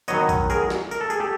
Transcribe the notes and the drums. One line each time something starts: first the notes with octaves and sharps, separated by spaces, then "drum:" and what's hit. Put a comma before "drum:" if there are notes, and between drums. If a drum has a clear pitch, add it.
D#3 F#3 B3 C#5 D#5, drum: tambourine
drum: kick, tambourine
G#4 A#4, drum: tambourine
drum: snare
A#4, drum: tambourine
A4
G#4, drum: tambourine
G4 A4